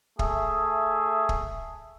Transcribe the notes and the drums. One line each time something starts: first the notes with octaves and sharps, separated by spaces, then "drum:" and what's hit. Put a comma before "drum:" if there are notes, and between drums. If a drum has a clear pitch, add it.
A3 G#4 E5, drum: kick
drum: kick